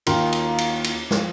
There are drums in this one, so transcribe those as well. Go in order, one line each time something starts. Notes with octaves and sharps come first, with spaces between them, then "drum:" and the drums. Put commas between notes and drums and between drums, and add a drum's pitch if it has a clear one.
D#2 D#3 A#3 F4, drum: cymbal
drum: cymbal
drum: cymbal
drum: cymbal
F3, drum: snare